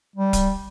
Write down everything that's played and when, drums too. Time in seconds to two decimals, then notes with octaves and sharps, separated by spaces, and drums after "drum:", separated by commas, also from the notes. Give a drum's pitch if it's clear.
0.16 G3
0.33 drum: kick D1, hi-hat